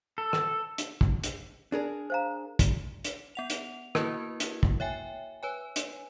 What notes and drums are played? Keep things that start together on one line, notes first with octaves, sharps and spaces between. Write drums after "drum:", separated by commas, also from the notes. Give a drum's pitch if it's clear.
A4
drum: rim click
drum: hi-hat
drum: kick
drum: hi-hat
D4 G#4 A#4
C5 F5 A#5
drum: kick, hi-hat
drum: hi-hat
B3 F#5 F7
drum: hi-hat
A#3 E4 F#4 A#4 B4 G#6, drum: rim click
drum: hi-hat
drum: kick
C#5 E5 G5 G#5
B4 C#5 G#5
drum: hi-hat